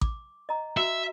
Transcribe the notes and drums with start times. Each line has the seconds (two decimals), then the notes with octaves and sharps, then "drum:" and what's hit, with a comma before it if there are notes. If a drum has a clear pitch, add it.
0.01 D6, drum: kick A1
0.49 D#5 A#5
0.77 F#4 E5